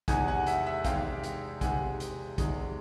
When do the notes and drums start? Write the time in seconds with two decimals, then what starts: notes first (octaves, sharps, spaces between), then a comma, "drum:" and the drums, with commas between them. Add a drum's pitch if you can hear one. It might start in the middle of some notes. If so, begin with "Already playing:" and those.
0.08 E2 C3 D#3 G#3 F#5 G#5, drum: kick, hi-hat
0.28 F#5 G#5
0.46 E5 F#5, drum: hi-hat
0.66 E5 F#5
0.85 E2 C3 D#3 G#3 F5 G5, drum: kick, hi-hat
1.23 drum: hi-hat
1.61 E2 C3 D#3 G#3 F#5 G#5, drum: kick, hi-hat
2.00 drum: hi-hat
2.38 E2 C3 D#3 G#3, drum: kick, hi-hat